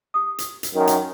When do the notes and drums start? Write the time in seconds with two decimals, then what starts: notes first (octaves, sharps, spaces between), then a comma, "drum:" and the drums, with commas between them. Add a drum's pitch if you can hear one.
0.14 G4 D#6
0.38 drum: hi-hat
0.63 drum: hi-hat
0.74 F#2 D#3
0.87 drum: hi-hat